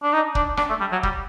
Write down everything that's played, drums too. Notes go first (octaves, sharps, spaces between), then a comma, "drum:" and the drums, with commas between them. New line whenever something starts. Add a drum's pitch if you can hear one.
D4
D#4
D4, drum: kick
D4, drum: rim click
A3
G3
F#3
G3, drum: kick